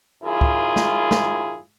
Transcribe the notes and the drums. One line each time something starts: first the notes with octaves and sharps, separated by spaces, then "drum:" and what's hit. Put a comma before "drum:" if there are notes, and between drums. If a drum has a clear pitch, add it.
F#2 D#3 E4 F4 G#4
drum: kick
drum: snare
drum: snare